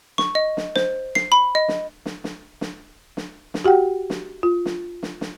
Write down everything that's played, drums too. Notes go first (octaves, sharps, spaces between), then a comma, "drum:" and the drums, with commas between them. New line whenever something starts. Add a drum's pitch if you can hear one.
C#6, drum: snare
D#5
drum: snare
C5, drum: snare
C7, drum: snare
B5
D#5
drum: snare
drum: snare
drum: snare
drum: snare
drum: snare
drum: snare
F#4 G4 F#5 G5
drum: snare
F4
drum: snare
drum: snare
drum: snare